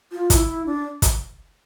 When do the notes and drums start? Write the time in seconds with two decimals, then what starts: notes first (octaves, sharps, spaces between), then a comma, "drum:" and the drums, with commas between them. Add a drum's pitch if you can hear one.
0.12 F4
0.30 F4, drum: kick, hi-hat
0.34 E4
0.66 D4
1.02 drum: kick, hi-hat